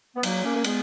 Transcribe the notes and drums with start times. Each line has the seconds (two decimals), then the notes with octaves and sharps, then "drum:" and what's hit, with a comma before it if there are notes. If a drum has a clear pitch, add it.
0.16 B3
0.23 F#3 A#3, drum: cymbal
0.44 A#3 C#4
0.55 A#3
0.64 G#3 B3, drum: cymbal